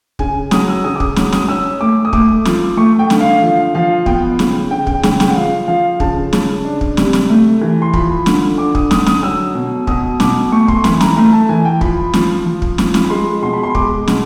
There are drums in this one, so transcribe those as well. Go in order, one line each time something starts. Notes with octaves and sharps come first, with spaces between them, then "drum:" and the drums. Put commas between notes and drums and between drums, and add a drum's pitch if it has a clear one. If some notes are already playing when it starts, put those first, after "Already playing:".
C#3 G#5, drum: kick
F#3 D#6, drum: snare
E6
C#3 D#6
D6
D#6, drum: kick
F#3 D#6, drum: snare
D#6, drum: snare
C#4 E6
A3 D6
D#6
A3 D6, drum: kick
F3, drum: snare
A3 C#6
G5
D3, drum: snare
F5
F3 F5
F3 F5
B3 G5, drum: kick
C#3, drum: snare
C#3 G5
G5, drum: kick
C#3 G5, drum: snare
G5, drum: snare
F#5
F3 F5
F3 F5
C#3 A5, drum: kick
C#3, drum: snare
D4
drum: kick
C3, drum: snare
drum: snare
A3
E3
C6
F3 B5, drum: kick
D3, drum: snare
D3 D6
D#6, drum: kick
D3 D#6, drum: snare
D#6, drum: snare
F#3 E6
B2
B2 D#6, drum: kick
B2 D6, drum: snare
A3 C#6
C6, drum: kick
E3 B5, drum: snare
A#5, drum: snare
A3 A#5
A5
E3 G#5
G5
F3 B5, drum: kick
F3, drum: snare
F3
drum: kick
F3, drum: snare
drum: snare
B5
G#3 C6
B2 C6
B5
C6
G#3 D6, drum: kick
B2, drum: snare